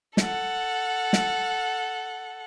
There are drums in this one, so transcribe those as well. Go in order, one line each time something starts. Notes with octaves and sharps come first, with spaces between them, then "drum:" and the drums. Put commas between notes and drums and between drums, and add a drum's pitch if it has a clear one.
A4 F#5, drum: snare
drum: snare